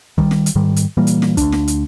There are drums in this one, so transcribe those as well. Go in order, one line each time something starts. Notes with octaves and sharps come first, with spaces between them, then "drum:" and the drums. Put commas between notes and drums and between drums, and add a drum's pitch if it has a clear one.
D#3 G3, drum: kick
drum: snare
drum: hi-hat
G#2 D#3 G3
drum: hi-hat
A#2 E3 G3 A#3
drum: hi-hat
drum: snare
D2 D4, drum: kick, hi-hat
drum: snare
drum: hi-hat